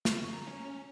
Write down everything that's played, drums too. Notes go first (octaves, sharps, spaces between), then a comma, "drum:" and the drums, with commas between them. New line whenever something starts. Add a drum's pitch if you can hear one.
C#6, drum: snare
A#5
C#4